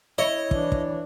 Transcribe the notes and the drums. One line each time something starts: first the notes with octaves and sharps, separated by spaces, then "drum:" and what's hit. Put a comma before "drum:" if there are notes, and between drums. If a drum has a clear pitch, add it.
E4 C#5 D#5
E3 D4, drum: kick
drum: kick